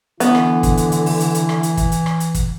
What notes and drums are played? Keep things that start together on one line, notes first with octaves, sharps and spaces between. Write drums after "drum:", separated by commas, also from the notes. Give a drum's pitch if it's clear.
D3 E3 B3 E4, drum: hi-hat
drum: rim click
drum: kick, hi-hat
drum: hi-hat
drum: hi-hat
drum: open hi-hat
drum: hi-hat
drum: hi-hat
drum: rim click
drum: hi-hat
drum: kick, hi-hat
drum: hi-hat
drum: rim click
drum: hi-hat
drum: kick, hi-hat